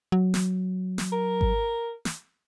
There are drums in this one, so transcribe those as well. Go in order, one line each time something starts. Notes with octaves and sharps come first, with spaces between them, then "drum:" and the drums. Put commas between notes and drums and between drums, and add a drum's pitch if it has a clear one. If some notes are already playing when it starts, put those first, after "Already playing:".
F#3
drum: snare
drum: snare
A#4
drum: kick G#1
drum: snare